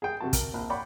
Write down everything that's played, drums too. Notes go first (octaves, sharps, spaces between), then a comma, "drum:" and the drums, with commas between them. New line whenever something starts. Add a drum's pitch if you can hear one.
G#4 G5
C3 F#4 A5
A#4, drum: kick, hi-hat
A#1
C#5 D5 F#5 G5 B5 C6